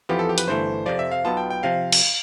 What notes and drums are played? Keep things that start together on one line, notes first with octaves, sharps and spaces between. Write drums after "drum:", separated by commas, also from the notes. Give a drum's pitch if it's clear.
F2 E3 B3 F4 G4
A4
G4
B4, drum: hi-hat
G1 G2 E3 A3 C5
F2 C3 F3 D5
E5
F5
B1 B2 B3 F4 A5
G5
G5
C3 F3 F5
drum: cymbal